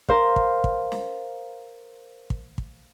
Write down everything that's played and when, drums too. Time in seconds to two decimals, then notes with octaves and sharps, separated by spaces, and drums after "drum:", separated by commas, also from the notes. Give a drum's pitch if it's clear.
0.09 A#4 C5 F5, drum: kick
0.36 drum: kick
0.64 drum: kick
0.92 drum: snare
2.30 drum: kick
2.58 drum: kick